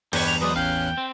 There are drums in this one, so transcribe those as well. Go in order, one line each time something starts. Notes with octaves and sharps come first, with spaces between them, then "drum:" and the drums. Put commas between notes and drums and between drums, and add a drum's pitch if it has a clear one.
E2 G2 G4 B4 C#5, drum: cymbal
F7
F#3 G#3 B4 C5 D5 D#6
A1 C#4 F5 G5 F#6
C4